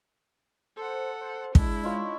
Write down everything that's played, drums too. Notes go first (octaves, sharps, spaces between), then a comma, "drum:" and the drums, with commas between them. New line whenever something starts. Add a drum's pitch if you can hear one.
A4 C5 F#5
C5
G#3 D4 E4, drum: kick
D#4 F4 C#5